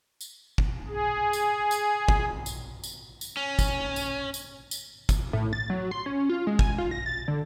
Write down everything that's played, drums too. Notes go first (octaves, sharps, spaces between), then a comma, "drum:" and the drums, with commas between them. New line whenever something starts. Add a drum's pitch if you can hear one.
drum: tambourine
drum: kick
G#4
drum: tambourine
drum: tambourine
drum: kick
drum: tambourine
drum: tambourine
drum: tambourine
C#4
drum: kick, tambourine
drum: tambourine
drum: tambourine
drum: tambourine
drum: kick, tambourine
A2
A6
F#3
C6
C#4
F4
G#3
G#5, drum: kick
F4
A#6
A6
D3